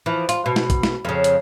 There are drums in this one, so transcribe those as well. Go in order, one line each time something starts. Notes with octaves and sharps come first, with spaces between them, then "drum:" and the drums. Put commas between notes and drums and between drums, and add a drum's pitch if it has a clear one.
E3 F3
F4, drum: hi-hat
B2
drum: snare
drum: kick A#1, hi-hat
drum: snare
F2 C#3
drum: hi-hat